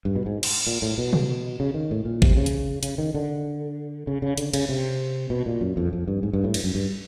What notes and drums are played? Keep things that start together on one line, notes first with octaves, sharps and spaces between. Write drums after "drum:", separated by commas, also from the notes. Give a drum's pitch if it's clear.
G2
B2
G#2
drum: cymbal
A#2
A2
B2
drum: tom C3
C#3
D#3
A2
A#2
C3, drum: kick
C#3
drum: hi-hat
C#3, drum: hi-hat
D#3
D3
C#3
C#3
D3, drum: hi-hat
C#3, drum: cymbal
C3
B2
A#2
F#2
F2
F2
G2
G#2
G2
A2
G2, drum: cymbal
F#2
G2